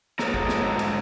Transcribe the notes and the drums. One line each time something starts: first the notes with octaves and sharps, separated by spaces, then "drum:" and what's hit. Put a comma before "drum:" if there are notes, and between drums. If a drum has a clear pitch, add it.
G#2 D3 G#4 A4 C#5 A#5, drum: snare
drum: kick A1
drum: snare
drum: cymbal